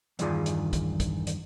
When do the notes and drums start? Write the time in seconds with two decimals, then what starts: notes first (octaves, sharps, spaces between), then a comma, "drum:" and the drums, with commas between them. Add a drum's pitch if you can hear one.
0.19 E2 G2 D#3 F4 G#4 D5, drum: hi-hat
0.46 drum: hi-hat
0.73 drum: kick, hi-hat
1.00 drum: kick, hi-hat
1.27 drum: hi-hat